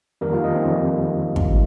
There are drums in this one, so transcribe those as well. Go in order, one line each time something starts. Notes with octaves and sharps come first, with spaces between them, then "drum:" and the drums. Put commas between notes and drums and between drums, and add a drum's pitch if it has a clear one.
F2 D#3 G3 A#3 A#4
F4 F5
D#4 D#5
C4
F2 D#3 G3
drum: kick